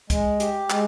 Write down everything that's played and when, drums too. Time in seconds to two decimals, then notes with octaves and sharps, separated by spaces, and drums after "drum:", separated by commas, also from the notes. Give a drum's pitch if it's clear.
0.10 G#3, drum: kick C2, hi-hat
0.40 G4, drum: hi-hat
0.70 G#3, drum: clap